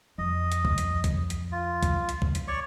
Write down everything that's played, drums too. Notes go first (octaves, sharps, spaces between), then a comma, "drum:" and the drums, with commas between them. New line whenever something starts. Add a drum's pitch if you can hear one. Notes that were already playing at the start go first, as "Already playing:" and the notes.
F2 D#5
drum: hi-hat
drum: kick C2
drum: hi-hat
drum: kick C2, hi-hat
drum: hi-hat
F4
drum: kick C2, hi-hat
drum: hi-hat
drum: kick C2
drum: hi-hat
C#5 D5 C#6